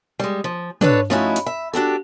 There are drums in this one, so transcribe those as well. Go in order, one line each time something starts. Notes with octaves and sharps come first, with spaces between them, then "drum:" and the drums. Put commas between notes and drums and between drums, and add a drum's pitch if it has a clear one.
G3 G#3
F3
D4 A4 B4 C#5, drum: tom
F3 A3 C#4 D#4 E4 F#4
drum: hi-hat
E5
D4 F#4 G4 A4